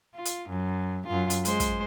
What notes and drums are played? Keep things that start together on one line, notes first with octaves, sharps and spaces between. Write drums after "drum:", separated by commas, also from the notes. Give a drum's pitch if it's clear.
F4
drum: hi-hat
F#2
F#2 F4
drum: hi-hat
G#3 C5, drum: hi-hat
drum: kick, hi-hat